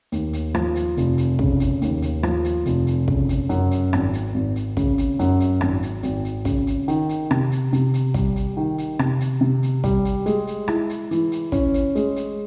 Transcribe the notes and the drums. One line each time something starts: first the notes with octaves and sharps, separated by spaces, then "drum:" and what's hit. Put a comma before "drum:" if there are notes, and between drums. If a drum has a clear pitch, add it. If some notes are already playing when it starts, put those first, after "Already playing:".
D#2, drum: hi-hat
drum: hi-hat
F3, drum: rim click
drum: hi-hat
F1, drum: hi-hat
drum: hi-hat
C#3, drum: kick
drum: hi-hat
D#2, drum: hi-hat
drum: hi-hat
F3, drum: rim click
drum: hi-hat
F1, drum: hi-hat
drum: hi-hat
C#3, drum: kick
drum: hi-hat
F#2, drum: hi-hat
drum: hi-hat
G#1, drum: rim click
drum: hi-hat
G#1
drum: hi-hat
C#3, drum: kick, hi-hat
drum: hi-hat
F#2, drum: hi-hat
drum: hi-hat
G#1, drum: rim click
drum: hi-hat
G#1, drum: hi-hat
drum: hi-hat
C#3, drum: kick, hi-hat
drum: hi-hat
D#3, drum: hi-hat
drum: hi-hat
C3, drum: rim click
drum: hi-hat
C3, drum: hi-hat
drum: hi-hat
G3, drum: kick, hi-hat
drum: hi-hat
D#3
drum: hi-hat
C3, drum: rim click
drum: hi-hat
C3
drum: hi-hat
G3, drum: kick, hi-hat
drum: hi-hat
G#3, drum: hi-hat
drum: hi-hat
E4, drum: rim click
drum: hi-hat
E3, drum: hi-hat
drum: hi-hat
C#4, drum: kick, hi-hat
drum: hi-hat
G#3, drum: hi-hat
drum: hi-hat